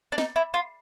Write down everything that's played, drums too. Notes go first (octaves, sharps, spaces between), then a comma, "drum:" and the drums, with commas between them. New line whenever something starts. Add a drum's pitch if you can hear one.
D4
D#4, drum: snare
E4
F4